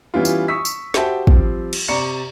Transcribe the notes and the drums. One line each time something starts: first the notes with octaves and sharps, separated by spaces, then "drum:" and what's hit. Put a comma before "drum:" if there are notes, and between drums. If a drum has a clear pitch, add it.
E3 G3 B3 C#4 E4 F4
drum: tambourine
C#6 D#6 E6 B6
drum: tambourine
F#4 G4 C5 E5 G5 A5, drum: snare
F3 G3 C4, drum: kick
drum: cymbal
C3 G4 D5 A#5 C#6 C#7